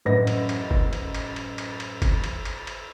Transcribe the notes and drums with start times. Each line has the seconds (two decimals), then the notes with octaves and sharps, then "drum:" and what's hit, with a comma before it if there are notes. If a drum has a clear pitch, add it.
0.05 A1 F#2 B4 A#6
0.27 drum: cymbal
0.49 drum: cymbal
0.71 drum: kick G1
0.93 drum: cymbal
1.14 drum: cymbal
1.36 drum: cymbal
1.58 drum: cymbal
1.80 drum: cymbal
2.02 drum: kick G1, cymbal
2.24 drum: cymbal
2.45 drum: cymbal
2.67 drum: cymbal